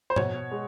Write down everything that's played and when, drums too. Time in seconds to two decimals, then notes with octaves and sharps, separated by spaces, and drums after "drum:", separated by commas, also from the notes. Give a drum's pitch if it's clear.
0.10 C5
0.16 B2 C#5, drum: tom G#2
0.52 G#3